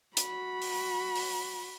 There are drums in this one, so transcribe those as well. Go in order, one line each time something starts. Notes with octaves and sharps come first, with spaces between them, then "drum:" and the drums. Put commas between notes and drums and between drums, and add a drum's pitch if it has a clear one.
F#4 B5, drum: hi-hat
drum: open hi-hat
drum: open hi-hat